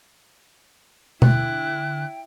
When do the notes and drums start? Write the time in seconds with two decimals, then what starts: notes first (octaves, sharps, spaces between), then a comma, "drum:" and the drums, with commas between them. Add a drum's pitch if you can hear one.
1.22 D3 E4 G5 F#6, drum: tom B2